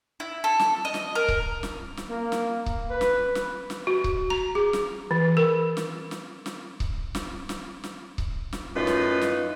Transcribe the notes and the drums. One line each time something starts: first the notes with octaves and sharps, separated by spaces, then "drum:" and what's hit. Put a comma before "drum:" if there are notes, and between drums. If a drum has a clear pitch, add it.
E4
A4
drum: snare
D#5
drum: snare
A#4
drum: kick C#1
drum: snare
drum: snare
A#3
drum: snare
drum: kick C#1
B4
drum: snare
drum: snare
drum: snare
F#4
drum: kick C#1
A#5
G#4
drum: snare
E3
A#4
drum: snare
drum: snare
drum: snare
drum: kick C#1
drum: snare
drum: snare
drum: snare
drum: kick C#1
drum: snare
F#2 A2 D#4 F4 B4
drum: snare
drum: snare